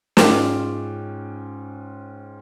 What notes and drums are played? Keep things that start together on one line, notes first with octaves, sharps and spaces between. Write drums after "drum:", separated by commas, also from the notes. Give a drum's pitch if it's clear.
G#2 C#4 F4 G5 D6 E7, drum: snare